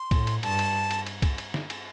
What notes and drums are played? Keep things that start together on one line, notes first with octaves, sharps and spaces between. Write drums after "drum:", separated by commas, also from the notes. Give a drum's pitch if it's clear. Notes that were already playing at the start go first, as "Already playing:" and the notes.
Already playing: C6
A2, drum: kick, cymbal
drum: cymbal
G2 A5, drum: cymbal
drum: cymbal
drum: cymbal
drum: cymbal
drum: kick, cymbal
drum: cymbal
drum: snare
drum: cymbal